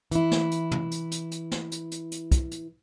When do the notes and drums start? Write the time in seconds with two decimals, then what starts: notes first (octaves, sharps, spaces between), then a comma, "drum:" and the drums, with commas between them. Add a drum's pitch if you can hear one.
0.11 E3 E4, drum: hi-hat
0.31 drum: snare
0.51 drum: hi-hat
0.71 drum: tom
0.91 drum: hi-hat
1.11 drum: hi-hat
1.31 drum: hi-hat
1.51 drum: snare
1.71 drum: hi-hat
1.91 drum: hi-hat
2.11 drum: hi-hat
2.31 drum: kick, hi-hat
2.51 drum: hi-hat